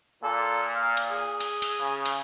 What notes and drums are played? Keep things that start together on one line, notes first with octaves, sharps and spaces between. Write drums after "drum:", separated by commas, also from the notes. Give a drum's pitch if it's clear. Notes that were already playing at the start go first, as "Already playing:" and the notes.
A#2 A4
F5
drum: cymbal
G#4
drum: cymbal
drum: cymbal
C#3
drum: cymbal